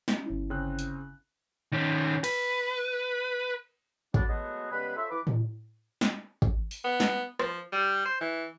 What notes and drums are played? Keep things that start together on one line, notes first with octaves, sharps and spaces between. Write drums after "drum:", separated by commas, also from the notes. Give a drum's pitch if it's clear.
G3 C#4, drum: snare
G1 C#4 E4
C#3 C4 F#6
drum: hi-hat
D#3 C#4
B4, drum: cymbal
D3 F#3 B3 C#4 D4, drum: kick
F#3 G#3 A3 B3 F#4 G#4
C#3 G3 G#3 B3 B4
F4 A4 C5 C#5 E5
E3 B4 D6
drum: tom A2
drum: snare
drum: kick
drum: open hi-hat
B3
drum: snare
F3, drum: rim click
G3
C5
E3